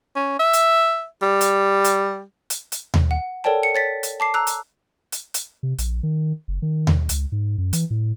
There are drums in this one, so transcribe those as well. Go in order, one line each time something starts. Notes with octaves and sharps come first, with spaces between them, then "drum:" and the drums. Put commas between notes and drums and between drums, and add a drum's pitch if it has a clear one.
C#4
E5
drum: hi-hat
G3
drum: hi-hat
drum: hi-hat
drum: hi-hat
drum: hi-hat
drum: tom D#2
F#5
A4 A#4 C#5 D5 G5 A5
C#7
C#5 A6 B6
drum: hi-hat
A5 D6 C7
A#5 E6 F#6
drum: hi-hat
drum: hi-hat
drum: hi-hat
C3
A#1, drum: hi-hat
D#3
F#1
D#3
drum: tom D#2
C#2, drum: hi-hat
G#2
F#2
E3, drum: hi-hat
A2